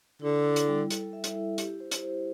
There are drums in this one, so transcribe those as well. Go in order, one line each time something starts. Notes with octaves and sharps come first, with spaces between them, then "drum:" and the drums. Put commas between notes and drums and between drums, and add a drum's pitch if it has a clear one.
D3 E4
E4
drum: hi-hat
G3
A4, drum: hi-hat
E5
drum: hi-hat
E4
G4, drum: hi-hat
C5
drum: hi-hat
C5